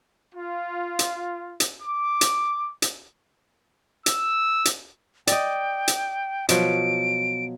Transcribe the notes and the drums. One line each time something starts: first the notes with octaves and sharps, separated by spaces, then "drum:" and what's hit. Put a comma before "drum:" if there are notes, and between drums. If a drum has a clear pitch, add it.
F4
drum: hi-hat
drum: hi-hat
D6
drum: hi-hat
drum: hi-hat
E6, drum: hi-hat
drum: hi-hat
D5 D#5 G5, drum: hi-hat
drum: hi-hat
B2 F3 F#3 D7, drum: hi-hat